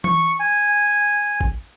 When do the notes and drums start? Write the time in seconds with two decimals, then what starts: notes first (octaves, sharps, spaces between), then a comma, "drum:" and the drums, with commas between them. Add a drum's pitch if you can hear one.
0.04 C#6, drum: tom E3
0.40 G#5
1.41 drum: kick